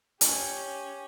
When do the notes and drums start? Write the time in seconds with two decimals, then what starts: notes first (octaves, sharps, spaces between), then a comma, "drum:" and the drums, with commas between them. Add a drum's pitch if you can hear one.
0.21 C#4 G4, drum: hi-hat